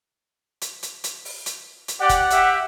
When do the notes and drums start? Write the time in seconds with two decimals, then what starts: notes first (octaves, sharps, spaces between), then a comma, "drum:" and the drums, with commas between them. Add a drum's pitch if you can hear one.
0.62 drum: hi-hat
0.83 drum: hi-hat
1.04 drum: hi-hat
1.25 drum: open hi-hat
1.46 drum: hi-hat
1.88 drum: hi-hat
2.00 G4 D5 F#5
2.09 drum: kick F#1, hi-hat
2.31 G4 E5, drum: hi-hat